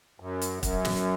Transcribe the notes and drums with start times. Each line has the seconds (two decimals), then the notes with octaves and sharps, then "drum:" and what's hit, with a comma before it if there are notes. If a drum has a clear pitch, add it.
0.20 F#2
0.42 drum: hi-hat
0.63 F#2, drum: kick, hi-hat
0.85 drum: snare